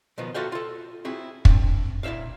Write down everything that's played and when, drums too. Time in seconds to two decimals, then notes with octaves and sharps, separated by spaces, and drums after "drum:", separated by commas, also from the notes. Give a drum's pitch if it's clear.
0.18 B2 D#3 F3 B3
0.34 F4 F#4 A4 E5 F5 G5
0.52 F4 A4
1.05 C4 E4 F#4 G#4
1.45 C4 D4, drum: kick
2.03 A#2 E4 C#5 E5 F5